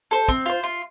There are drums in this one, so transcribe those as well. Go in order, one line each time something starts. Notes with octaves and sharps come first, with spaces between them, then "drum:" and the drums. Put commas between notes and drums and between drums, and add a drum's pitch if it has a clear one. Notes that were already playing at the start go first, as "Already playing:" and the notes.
A4 C5
C4, drum: kick, hi-hat
F4 C5, drum: hi-hat
F4, drum: hi-hat